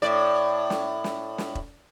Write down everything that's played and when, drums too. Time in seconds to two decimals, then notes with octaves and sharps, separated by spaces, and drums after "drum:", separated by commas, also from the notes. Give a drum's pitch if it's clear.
0.02 A2 D5
0.70 drum: snare
1.04 drum: snare
1.38 drum: snare
1.55 drum: kick E1